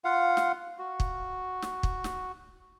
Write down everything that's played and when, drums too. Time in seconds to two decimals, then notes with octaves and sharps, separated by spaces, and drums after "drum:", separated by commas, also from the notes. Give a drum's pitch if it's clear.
0.05 F4 F5 F#5
0.37 drum: snare
0.79 F#4
1.00 drum: kick
1.62 drum: snare
1.83 drum: kick
2.04 drum: snare